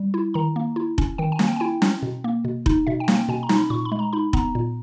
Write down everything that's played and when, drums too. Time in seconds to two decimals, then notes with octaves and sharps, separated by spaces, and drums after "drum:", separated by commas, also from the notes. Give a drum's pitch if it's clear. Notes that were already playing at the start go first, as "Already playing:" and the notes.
Already playing: G3
0.14 E4
0.34 D#3 A#5
0.56 A#3
0.76 E4
0.98 C#4, drum: kick F1
1.18 D#3 G5
1.32 G#5
1.39 A#3, drum: snare
1.47 G5
1.56 G#5
1.60 E4 G5
1.82 C#4, drum: snare
2.03 B2
2.24 A#3
2.45 B2
2.66 D#4, drum: kick F1
2.87 B2 E5
3.00 G5
3.08 A#3, drum: snare
3.15 G5
3.29 B2 G#5
3.43 A#5
3.49 D#4, drum: snare
3.56 B5
3.70 A#2 C#6
3.85 B5
3.92 G#3
3.99 A#5
4.13 D#4 B5
4.33 B3 A#5, drum: kick F1
4.55 A#2